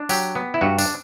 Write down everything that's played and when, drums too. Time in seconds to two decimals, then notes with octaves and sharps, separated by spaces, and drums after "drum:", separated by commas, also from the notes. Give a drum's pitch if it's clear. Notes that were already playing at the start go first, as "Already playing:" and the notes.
Already playing: D4
0.09 F#3 G4, drum: tambourine
0.35 B3
0.54 E4
0.61 G2 F#4
0.78 D4, drum: tambourine